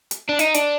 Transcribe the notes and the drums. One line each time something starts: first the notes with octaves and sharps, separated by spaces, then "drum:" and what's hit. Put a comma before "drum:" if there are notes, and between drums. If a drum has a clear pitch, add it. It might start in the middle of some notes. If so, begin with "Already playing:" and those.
drum: hi-hat
D4
D#4, drum: hi-hat
D4, drum: hi-hat